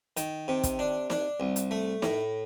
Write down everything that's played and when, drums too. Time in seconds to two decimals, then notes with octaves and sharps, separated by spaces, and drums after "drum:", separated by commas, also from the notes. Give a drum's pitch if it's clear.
0.17 D#3, drum: hi-hat
0.48 C3
0.63 drum: kick, hi-hat
0.79 D4
1.10 D4, drum: snare
1.40 C2
1.56 drum: hi-hat
1.71 A3
2.02 A2, drum: snare